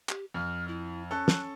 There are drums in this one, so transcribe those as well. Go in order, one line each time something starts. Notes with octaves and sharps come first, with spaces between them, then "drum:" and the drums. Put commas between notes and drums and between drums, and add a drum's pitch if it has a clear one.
G4, drum: clap
F2 F6
E4
C#4 A4 F#6
drum: snare